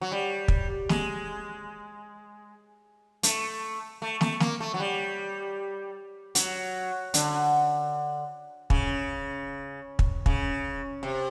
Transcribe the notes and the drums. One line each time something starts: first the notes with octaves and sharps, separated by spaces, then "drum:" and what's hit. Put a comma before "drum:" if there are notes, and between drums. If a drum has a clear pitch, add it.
F#3
G3
drum: kick
G#3, drum: snare
A3, drum: hi-hat
A3
A3, drum: snare
A#3, drum: snare
A3
F#3
G3
F#3, drum: hi-hat
D3, drum: hi-hat
C#3, drum: kick
drum: kick
C#3, drum: kick
C3